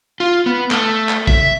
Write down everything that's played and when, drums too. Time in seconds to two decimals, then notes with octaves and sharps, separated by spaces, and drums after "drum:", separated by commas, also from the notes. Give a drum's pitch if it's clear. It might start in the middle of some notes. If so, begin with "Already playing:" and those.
0.20 F4
0.46 B3
0.71 A3, drum: clap
1.09 drum: clap
1.27 E5, drum: kick